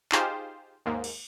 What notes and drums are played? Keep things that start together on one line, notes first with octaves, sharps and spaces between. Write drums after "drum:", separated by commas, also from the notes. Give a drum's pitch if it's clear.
D#4 F4 G4 G#4 C5 F5, drum: clap
D#2 G#2 A#3
drum: cymbal